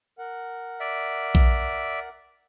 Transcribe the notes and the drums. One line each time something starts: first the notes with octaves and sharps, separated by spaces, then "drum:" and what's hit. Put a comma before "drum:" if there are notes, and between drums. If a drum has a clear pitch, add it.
A#4 F#5
D5 E5
drum: kick A#1